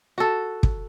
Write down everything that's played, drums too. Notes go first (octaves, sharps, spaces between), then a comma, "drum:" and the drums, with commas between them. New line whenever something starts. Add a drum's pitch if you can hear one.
F#4 A4
drum: kick